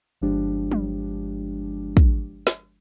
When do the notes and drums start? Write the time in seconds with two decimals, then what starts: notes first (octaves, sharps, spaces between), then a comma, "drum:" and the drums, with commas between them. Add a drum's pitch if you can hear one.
0.21 G1 F3 G#3 D4 G4
0.72 drum: tom F#3
1.97 drum: kick
2.47 drum: snare